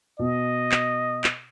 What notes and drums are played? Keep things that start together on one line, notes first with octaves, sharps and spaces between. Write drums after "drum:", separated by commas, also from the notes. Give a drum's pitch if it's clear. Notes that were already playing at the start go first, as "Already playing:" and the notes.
B2 D#5
drum: clap
drum: clap